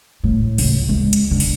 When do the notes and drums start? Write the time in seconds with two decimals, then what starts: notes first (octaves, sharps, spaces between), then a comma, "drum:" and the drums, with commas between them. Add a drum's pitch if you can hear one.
0.24 A2
0.58 C#2, drum: open hi-hat
0.89 G#3
1.13 drum: hi-hat
1.31 E1 D3
1.40 drum: open hi-hat